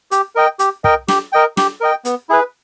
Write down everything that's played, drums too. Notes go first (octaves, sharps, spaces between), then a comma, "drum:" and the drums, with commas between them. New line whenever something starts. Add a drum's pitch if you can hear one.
G4, drum: hi-hat
A#4 D#5 G5
G4, drum: hi-hat
A#4 D#5 G5, drum: kick
G4, drum: snare
A#4 D#5 G5
G4, drum: snare
A#4 D#5 G5
B3, drum: hi-hat
E4 G#4 B4